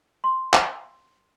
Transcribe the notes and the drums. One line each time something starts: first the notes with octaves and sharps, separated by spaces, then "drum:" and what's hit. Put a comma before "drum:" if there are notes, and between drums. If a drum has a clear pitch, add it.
C6
drum: clap